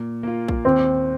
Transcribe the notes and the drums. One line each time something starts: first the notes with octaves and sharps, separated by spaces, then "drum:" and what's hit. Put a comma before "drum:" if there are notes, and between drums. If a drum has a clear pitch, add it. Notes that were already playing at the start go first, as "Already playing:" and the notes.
Already playing: A#2
A#3 F4
drum: kick A#1
D#2 C4